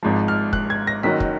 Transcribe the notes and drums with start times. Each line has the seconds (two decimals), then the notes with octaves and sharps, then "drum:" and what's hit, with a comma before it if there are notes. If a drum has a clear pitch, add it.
0.03 G#1 G#2 F3
0.28 F6
0.53 F#6, drum: kick
0.70 G#6
0.87 A#6
1.03 F#1 F#2 D#3 F#3 B6
1.20 drum: kick